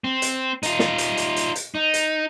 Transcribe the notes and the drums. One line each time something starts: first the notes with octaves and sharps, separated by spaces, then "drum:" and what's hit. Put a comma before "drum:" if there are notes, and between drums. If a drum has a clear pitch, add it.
C4
drum: hi-hat
D#4 F4, drum: hi-hat
drum: snare
drum: hi-hat
drum: hi-hat
drum: hi-hat
drum: hi-hat
D#4
drum: hi-hat